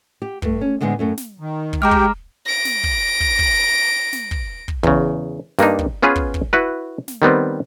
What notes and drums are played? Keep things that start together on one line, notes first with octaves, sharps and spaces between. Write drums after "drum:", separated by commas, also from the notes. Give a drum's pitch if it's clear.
G4
G2 A3, drum: kick
C#4
A2 D3 G#3 B3 C4
F#2 A3 C#4
drum: snare
D#3
drum: kick
G#3 G4 G5 A#5 D6 F6
drum: kick
A#6 D7
drum: snare
drum: kick
drum: kick
drum: kick
drum: snare
drum: kick
drum: kick
E2 C#3, drum: kick
G2 A#3 D4 D#4, drum: snare
drum: kick
B3 C#4 F4 G#4 B4
drum: kick
drum: kick
E4 F#4 B4
drum: snare
D#3 G3 B3 C4